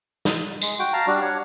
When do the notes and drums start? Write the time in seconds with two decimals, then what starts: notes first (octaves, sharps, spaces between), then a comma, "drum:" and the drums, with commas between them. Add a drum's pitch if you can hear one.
0.25 drum: snare
0.62 G#3, drum: tambourine
0.79 F#4 G5
0.93 F5 A5 A#5
1.07 G3 D4 F#4
1.22 D4 C#5 F#5